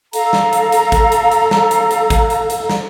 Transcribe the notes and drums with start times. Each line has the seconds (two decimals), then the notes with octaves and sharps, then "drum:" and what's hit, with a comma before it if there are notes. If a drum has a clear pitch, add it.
0.13 A4 F5 A#5, drum: hi-hat
0.33 drum: snare
0.53 drum: hi-hat
0.72 drum: hi-hat
0.92 drum: kick, hi-hat
1.12 drum: hi-hat
1.32 drum: hi-hat
1.51 drum: snare
1.71 drum: hi-hat
1.91 drum: hi-hat
2.10 drum: kick, hi-hat
2.30 drum: hi-hat
2.50 drum: hi-hat
2.70 drum: snare